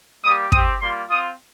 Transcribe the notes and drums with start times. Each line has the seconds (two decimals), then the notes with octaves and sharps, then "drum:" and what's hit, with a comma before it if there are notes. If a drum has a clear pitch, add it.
0.24 G3 A#3 G4 D#6
0.52 C4 G4 D#6, drum: kick
0.81 G3 A#3 F4 C6
1.10 C4 F4 D#6